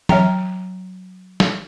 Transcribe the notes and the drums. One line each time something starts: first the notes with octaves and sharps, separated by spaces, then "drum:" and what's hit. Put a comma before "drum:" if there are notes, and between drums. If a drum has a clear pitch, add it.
F#3 C#5 G5 A#5, drum: tom E3
drum: snare